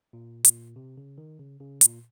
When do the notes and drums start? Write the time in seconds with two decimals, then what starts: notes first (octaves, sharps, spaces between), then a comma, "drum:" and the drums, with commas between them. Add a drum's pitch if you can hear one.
0.13 A#2
0.45 A#2, drum: hi-hat
0.76 C3
0.97 C#3
1.18 D#3
1.39 C#3
1.60 C#3
1.81 A#2, drum: hi-hat